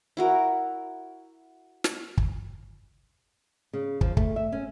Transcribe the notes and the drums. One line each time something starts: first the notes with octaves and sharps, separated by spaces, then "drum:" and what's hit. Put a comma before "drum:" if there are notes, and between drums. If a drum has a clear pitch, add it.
E4 F#4 A#4
drum: snare
drum: kick
C#3
F3, drum: kick
A3, drum: kick
E5
C#4